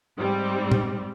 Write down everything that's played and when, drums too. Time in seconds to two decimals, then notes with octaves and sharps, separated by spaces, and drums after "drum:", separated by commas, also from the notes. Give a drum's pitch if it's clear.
0.18 G#2 G3 C4
0.72 drum: tom